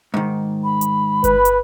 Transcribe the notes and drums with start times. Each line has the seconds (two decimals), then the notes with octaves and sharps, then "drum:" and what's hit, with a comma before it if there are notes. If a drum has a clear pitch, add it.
0.14 G#2 D#3
0.64 B5
0.81 drum: hi-hat
1.24 B4, drum: kick G1, hi-hat
1.45 drum: hi-hat